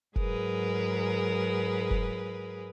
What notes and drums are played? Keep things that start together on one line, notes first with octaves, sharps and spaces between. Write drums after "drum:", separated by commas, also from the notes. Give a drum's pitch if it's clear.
G#2 F#3 G#4 A#4 B4, drum: kick F1
drum: kick F1